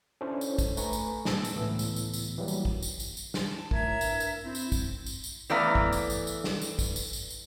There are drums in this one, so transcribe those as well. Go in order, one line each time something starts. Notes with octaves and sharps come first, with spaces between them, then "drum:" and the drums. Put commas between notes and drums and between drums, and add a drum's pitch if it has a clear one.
C#4 D4 E4 A4 C5 C#5
drum: tambourine
drum: kick, tambourine
A3 B4 G#5 A#5 C#6, drum: tambourine
drum: tambourine
A#2 G#3 A5 E6, drum: snare
drum: tambourine
C#2 A2 E3 B3 E6
drum: tambourine
drum: tambourine
drum: tambourine
E3 F#3 G3 A#3
drum: tambourine
drum: kick
drum: tambourine
drum: tambourine
drum: tambourine
drum: snare
A5
A3 A#4 E5 G#6, drum: kick
A2
G2, drum: tambourine
drum: tambourine
C4 E4 G6
drum: tambourine
drum: kick, tambourine
drum: tambourine
drum: tambourine
E3 A3 B3 D5 F5 A#5
drum: kick
drum: tambourine
drum: tambourine
drum: tambourine
drum: snare
drum: tambourine
drum: kick, tambourine
drum: tambourine
drum: tambourine
drum: tambourine